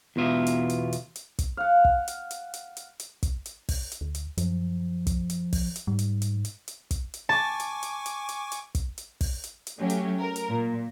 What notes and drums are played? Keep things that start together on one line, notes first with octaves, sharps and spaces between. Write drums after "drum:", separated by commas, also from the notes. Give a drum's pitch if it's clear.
E2 B2 F4 E5
drum: hi-hat
drum: hi-hat
drum: hi-hat
drum: hi-hat
drum: kick, hi-hat
F5 F#5
drum: kick
drum: hi-hat
drum: hi-hat
drum: hi-hat
drum: hi-hat
drum: hi-hat
drum: kick, hi-hat
drum: hi-hat
drum: kick, open hi-hat
drum: hi-hat
D2
drum: hi-hat
F#2 F3, drum: hi-hat
drum: kick, hi-hat
drum: hi-hat
drum: kick, open hi-hat
drum: hi-hat
G#2 G3
drum: hi-hat
drum: hi-hat
drum: hi-hat
drum: hi-hat
drum: kick, hi-hat
drum: hi-hat
G#5 A5 C#6 D6
drum: hi-hat
drum: hi-hat
drum: hi-hat
drum: hi-hat
drum: hi-hat
drum: kick, hi-hat
drum: hi-hat
drum: kick, open hi-hat
drum: hi-hat
drum: hi-hat
F#3 A3 C#4 G4
drum: hi-hat
A#4
drum: hi-hat
A#2